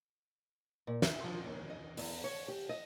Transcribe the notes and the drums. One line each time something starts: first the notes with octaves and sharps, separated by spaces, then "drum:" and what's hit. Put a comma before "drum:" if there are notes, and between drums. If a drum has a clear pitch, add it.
A#2
E5, drum: snare
F3
D#2
D#5
E2, drum: open hi-hat
C#5
G4
D#5